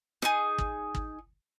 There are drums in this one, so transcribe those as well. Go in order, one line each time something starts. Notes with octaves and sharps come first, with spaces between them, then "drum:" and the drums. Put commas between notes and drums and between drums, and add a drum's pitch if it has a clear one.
D#4 G#4, drum: rim click
drum: kick
drum: kick